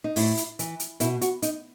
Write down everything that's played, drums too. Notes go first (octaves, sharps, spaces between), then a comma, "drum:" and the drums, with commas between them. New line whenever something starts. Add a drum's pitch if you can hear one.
D#4
A2 E4, drum: open hi-hat
drum: hi-hat
E3, drum: hi-hat
drum: hi-hat
B2 E4, drum: hi-hat
F#4, drum: hi-hat
D#4, drum: hi-hat